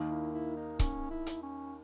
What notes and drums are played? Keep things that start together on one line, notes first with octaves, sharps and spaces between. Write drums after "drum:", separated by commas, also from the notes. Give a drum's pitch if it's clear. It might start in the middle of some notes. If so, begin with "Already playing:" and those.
Already playing: D#2 D#3 A#3
E4
E4
D#4
C#4, drum: kick C#1, hi-hat
E4
drum: hi-hat
C#4